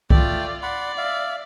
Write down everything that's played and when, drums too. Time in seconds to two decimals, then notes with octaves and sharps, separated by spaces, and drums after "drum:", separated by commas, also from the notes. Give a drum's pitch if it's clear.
0.10 A3 F4 D5 E5 G5, drum: kick C2
0.63 D5 F#5 B5 C6
0.97 E5 F5